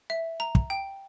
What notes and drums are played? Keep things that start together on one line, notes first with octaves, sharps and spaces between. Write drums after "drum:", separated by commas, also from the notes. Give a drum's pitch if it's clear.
E5
A#5
drum: kick
G5